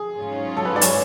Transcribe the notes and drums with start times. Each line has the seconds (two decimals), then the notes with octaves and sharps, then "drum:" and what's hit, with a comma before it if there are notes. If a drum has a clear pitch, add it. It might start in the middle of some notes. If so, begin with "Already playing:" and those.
Already playing: G#4
0.18 G#2 F#3 C#4 F4
0.57 A4
0.65 B4
0.76 D5
0.81 C#5, drum: hi-hat